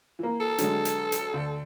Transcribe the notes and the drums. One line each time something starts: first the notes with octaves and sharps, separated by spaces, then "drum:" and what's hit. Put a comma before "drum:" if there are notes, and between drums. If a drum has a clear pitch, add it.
E3 A#3
A4
D3 F#3 G#3, drum: hi-hat
drum: hi-hat
drum: hi-hat
D2